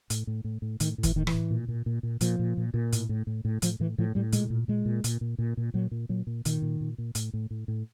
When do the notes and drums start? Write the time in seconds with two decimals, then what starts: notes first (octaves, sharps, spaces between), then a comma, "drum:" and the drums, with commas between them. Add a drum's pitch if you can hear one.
0.10 A2, drum: hi-hat
0.27 A2
0.44 A2
0.62 A2
0.80 A2 D#3, drum: hi-hat
0.98 A2
1.03 E3, drum: kick, hi-hat
1.16 A2 D#3
1.27 E3, drum: rim click
1.33 A2
1.51 A#2
1.68 A#2
1.86 A#2
2.03 A#2
2.21 A#2 F3, drum: hi-hat
2.39 A#2
2.57 A#2
2.74 A#2
2.93 A2, drum: hi-hat
3.09 A2
3.27 A2
3.45 A2
3.62 A2 F3, drum: hi-hat
3.80 A2 E3
3.98 A2 F3
4.15 A2 G3
4.33 A#2 G#3, drum: hi-hat
4.50 A#2
4.68 A#2 G#3
4.86 A#2
5.04 A#2, drum: hi-hat
5.21 A#2
5.38 A#2
5.57 A#2
5.74 A#2 F#3
5.91 A#2
6.09 A#2 F#3
6.27 A#2
6.45 A#2 D#3, drum: hi-hat
6.62 A#2
6.81 A#2
6.98 A#2
7.15 A2, drum: hi-hat
7.33 A2
7.50 A2
7.68 A2